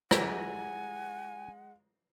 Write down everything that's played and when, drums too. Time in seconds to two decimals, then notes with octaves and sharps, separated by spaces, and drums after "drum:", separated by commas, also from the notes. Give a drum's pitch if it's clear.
0.11 G#3 E4 G4 F#5 G#5, drum: rim click